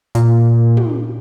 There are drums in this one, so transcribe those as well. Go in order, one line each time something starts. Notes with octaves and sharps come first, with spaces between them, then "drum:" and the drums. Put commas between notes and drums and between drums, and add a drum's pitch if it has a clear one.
A#2, drum: hi-hat
drum: tom